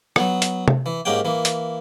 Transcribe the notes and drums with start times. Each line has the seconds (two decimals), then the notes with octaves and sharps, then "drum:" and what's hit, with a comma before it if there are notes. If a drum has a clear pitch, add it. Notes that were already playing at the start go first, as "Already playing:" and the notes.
0.16 F#3 B3, drum: rim click
0.42 drum: hi-hat
0.68 drum: tom C3
0.86 E3
1.05 G#2 A#3 C#4 G4 F#5 G5
1.25 E3 A#3
1.45 drum: hi-hat